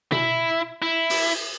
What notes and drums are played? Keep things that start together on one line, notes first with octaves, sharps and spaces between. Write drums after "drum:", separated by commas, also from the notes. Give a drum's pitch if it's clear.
E4, drum: tom B2
E4
drum: open hi-hat